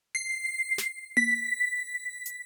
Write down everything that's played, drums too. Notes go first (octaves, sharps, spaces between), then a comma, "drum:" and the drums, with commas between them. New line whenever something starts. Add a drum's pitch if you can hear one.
C7
drum: snare
B6, drum: tom A#3
drum: hi-hat